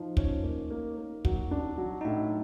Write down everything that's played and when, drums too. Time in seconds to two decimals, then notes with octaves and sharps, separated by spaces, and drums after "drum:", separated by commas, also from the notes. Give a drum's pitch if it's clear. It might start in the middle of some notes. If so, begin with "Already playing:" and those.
Already playing: F3 D#4
0.17 C#4, drum: kick
0.43 A#3
0.70 A#3
0.98 A#3
1.25 F#3, drum: kick
1.51 D4
1.78 F#3
2.01 D#4
2.05 A2 D4